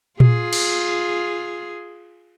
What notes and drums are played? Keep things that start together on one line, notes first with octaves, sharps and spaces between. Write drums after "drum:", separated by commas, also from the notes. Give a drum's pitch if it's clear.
F4 G#4, drum: tom A#2
drum: cymbal